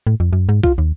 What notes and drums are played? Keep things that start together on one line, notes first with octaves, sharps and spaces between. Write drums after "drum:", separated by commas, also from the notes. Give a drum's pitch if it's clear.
A2
F2
F#2
G#2
F4, drum: kick B1
D#2